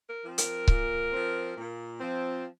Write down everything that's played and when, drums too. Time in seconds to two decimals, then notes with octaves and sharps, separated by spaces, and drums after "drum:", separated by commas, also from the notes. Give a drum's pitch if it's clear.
0.08 A#4
0.23 F3 C4
0.38 A#4, drum: hi-hat
0.68 A#2, drum: kick C#1
1.13 F3 C4
1.57 A#2
2.01 F3 C4